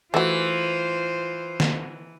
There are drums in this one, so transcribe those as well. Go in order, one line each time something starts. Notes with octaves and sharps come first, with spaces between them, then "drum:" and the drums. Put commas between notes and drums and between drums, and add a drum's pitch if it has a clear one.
E3 A3 F4 F#4 C5
drum: snare